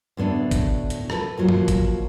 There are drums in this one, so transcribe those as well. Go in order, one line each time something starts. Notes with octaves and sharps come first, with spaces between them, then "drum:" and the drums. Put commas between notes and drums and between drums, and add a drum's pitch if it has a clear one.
D2 A2 B3 D4
drum: kick, hi-hat
drum: hi-hat
A4 B4, drum: rim click
D#2 F3 F#3
drum: tom F#2
drum: kick, hi-hat